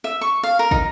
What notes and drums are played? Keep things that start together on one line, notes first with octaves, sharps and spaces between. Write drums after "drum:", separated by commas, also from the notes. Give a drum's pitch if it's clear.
E5
C#6
F5
A#4
D#4, drum: kick